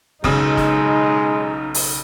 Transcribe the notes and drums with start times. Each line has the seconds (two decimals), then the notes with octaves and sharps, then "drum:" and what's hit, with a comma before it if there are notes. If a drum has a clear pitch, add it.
0.24 B1 C#3 G#3 D#4, drum: kick
0.57 drum: snare
1.74 drum: open hi-hat